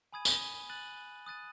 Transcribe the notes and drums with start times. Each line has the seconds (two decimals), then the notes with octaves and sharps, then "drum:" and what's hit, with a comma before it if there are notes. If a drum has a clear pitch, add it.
0.13 G#5 B5 D#6 G#6 D#7
0.25 drum: tambourine
0.69 F#6 A6 D#7 F#7
1.26 D#6 F#6 A6 D#7